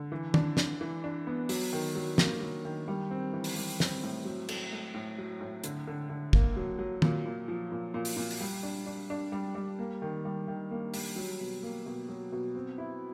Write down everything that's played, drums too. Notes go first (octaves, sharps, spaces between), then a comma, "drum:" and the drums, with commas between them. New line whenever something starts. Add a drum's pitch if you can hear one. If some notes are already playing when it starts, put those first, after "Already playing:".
Already playing: D3
E3
D4, drum: tom
D4, drum: snare
E3
D4
B3
F#3, drum: open hi-hat
D#3
F#3
A#3, drum: snare
F#3
D#3
G3
C4
E3
drum: open hi-hat
G3
C4, drum: snare
A2
F#3
A3, drum: cymbal
A3
A2
F#3
A2
D3, drum: hi-hat
D3
D3
A#3, drum: kick
F#3
F#3
A#2, drum: tom
A#2
F3
A#2
A#2
drum: open hi-hat
A#2
drum: open hi-hat
G3
D4
D4
D4
G3
G3
A#3
D#3
G3
D#3
A#3
G3, drum: open hi-hat
F#3
B2
A#3
B2
F#3
B2
C4
E4